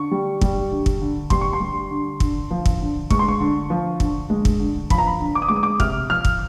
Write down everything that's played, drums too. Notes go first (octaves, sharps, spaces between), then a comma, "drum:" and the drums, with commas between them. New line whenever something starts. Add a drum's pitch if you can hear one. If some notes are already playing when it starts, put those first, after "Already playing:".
Already playing: D3 C#6
G3
G3, drum: kick
D3
drum: kick
D3
G3 C6, drum: kick
C#6
C6
G3
D3
D3, drum: kick
F3
drum: kick
D3
G#3 C#6, drum: kick
C6
C#6
D3
F3
D3, drum: kick
G#3
drum: kick
D3
F3 B5, drum: kick
A#5
B5
D3
D6
D#6
G#3 D6
D#6
D6
C3 F6, drum: kick
F3 F6
drum: kick